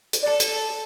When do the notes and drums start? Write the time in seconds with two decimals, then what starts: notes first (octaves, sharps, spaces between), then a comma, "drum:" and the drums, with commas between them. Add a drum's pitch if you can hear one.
0.13 drum: hi-hat
0.22 D5
0.28 A4
0.40 drum: hi-hat